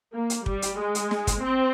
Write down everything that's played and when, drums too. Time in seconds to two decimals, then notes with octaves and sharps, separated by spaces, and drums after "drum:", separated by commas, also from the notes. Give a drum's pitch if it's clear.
0.14 A#3
0.30 drum: hi-hat
0.46 G3, drum: kick
0.62 drum: hi-hat
0.79 G#3
0.95 drum: hi-hat
1.11 drum: snare
1.27 drum: kick, hi-hat
1.44 C4